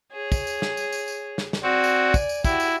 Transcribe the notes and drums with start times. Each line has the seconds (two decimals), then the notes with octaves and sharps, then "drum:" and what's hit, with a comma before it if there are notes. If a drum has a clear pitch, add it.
0.12 G#4 C#5
0.32 drum: kick, tambourine
0.47 drum: tambourine
0.62 drum: snare
0.77 drum: tambourine
0.92 drum: tambourine
1.08 drum: tambourine
1.38 drum: snare
1.53 drum: snare
1.63 C4 F#4 D5 G#5
1.84 drum: tambourine
2.14 drum: kick, tambourine
2.29 drum: tambourine
2.44 E4 F#4 G4, drum: kick, tambourine
2.60 drum: tambourine